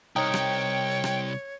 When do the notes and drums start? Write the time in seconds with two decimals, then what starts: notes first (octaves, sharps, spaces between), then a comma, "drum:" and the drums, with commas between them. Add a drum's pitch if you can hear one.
0.16 C2 D#4 C#5 G5
0.34 drum: rim click
1.04 drum: rim click